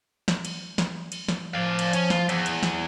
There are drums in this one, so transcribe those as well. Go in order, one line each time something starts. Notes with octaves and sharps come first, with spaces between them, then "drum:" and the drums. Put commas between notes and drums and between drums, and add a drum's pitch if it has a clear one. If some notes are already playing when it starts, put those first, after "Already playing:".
drum: snare
drum: cymbal
drum: snare
drum: cymbal
drum: snare
F3 D5 F5
drum: cymbal
C#4, drum: cymbal
F4, drum: snare
E2, drum: cymbal
drum: cymbal
drum: snare